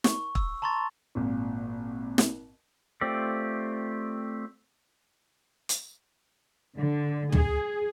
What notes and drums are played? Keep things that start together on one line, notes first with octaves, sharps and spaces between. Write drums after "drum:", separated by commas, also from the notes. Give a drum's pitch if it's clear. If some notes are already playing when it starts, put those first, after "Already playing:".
C#6, drum: snare
E6, drum: kick
A5 A#5 C6 C#6 A6
G#1 A#2
drum: snare
A3 C4 F4 G4 D5
drum: hi-hat
D3
G#4, drum: tom